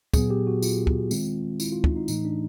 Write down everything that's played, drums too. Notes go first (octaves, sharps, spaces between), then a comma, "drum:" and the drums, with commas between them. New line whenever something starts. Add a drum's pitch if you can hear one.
A#2 F#3 B3 G#4, drum: kick, tambourine
G4
F#4
F4, drum: tambourine
drum: kick
D#3 G#3 C4, drum: tambourine
E4, drum: tambourine
F4
D#4, drum: kick
D#4
A2 E3 A3 D#4, drum: tambourine
D4